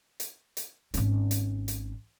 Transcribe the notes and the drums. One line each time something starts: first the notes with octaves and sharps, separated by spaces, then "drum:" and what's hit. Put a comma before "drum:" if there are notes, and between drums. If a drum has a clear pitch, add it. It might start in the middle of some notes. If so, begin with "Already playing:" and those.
drum: hi-hat
drum: hi-hat
G#1 C#4, drum: hi-hat
drum: hi-hat
drum: hi-hat